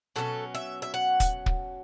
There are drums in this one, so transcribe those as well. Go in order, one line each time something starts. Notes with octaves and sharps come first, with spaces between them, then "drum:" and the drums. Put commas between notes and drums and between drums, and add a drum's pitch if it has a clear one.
B2 F#3 A3 C#4 A4
E5
E5
F#5
drum: kick, hi-hat
drum: kick